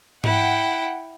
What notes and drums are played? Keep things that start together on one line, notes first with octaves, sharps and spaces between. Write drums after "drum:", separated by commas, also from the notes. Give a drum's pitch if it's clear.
E4 F#5 G5, drum: tom G#2